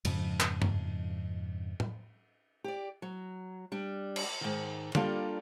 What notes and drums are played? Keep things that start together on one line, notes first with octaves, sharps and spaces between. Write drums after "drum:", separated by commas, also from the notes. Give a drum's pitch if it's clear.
F2 G#2 C#3 F3, drum: cymbal
drum: clap
drum: tom G2
drum: tom A2
G4 D5
F#3
G3 D4
drum: cymbal
G#2 D#3
G3 A#3 D4 F4 G4 A4, drum: tom